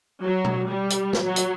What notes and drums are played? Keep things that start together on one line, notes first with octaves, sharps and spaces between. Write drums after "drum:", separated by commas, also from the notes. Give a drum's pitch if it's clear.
F#3
drum: tom B2
G3
drum: hi-hat
drum: snare
F#3
drum: hi-hat